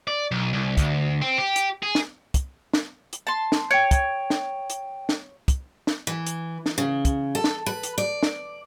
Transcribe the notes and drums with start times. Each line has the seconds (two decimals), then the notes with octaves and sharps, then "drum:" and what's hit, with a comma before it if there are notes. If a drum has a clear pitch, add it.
0.08 D5
0.31 B1
0.53 C2
0.77 D2, drum: kick, hi-hat
1.22 C4
1.38 G4
1.56 drum: hi-hat
1.83 G#4
1.95 drum: snare
2.34 drum: kick, hi-hat
2.74 drum: snare
3.13 drum: hi-hat
3.27 A5 C6
3.52 drum: snare
3.71 C#5 G5 D7
3.91 drum: kick, hi-hat
4.30 drum: snare
4.70 drum: hi-hat
5.09 drum: snare
5.48 drum: kick, hi-hat
5.87 drum: snare
6.07 E3
6.27 drum: hi-hat
6.66 drum: snare
6.78 C#3
7.05 drum: kick, hi-hat
7.35 A4
7.44 drum: snare
7.66 B4
7.83 drum: hi-hat
7.98 D5
8.23 drum: snare